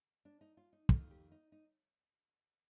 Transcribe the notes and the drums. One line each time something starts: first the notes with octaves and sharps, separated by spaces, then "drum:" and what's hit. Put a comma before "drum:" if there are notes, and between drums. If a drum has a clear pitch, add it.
D4
D#4
F4
D#4
F2 D#3 A#3 F4, drum: kick
G4
D#4
D#4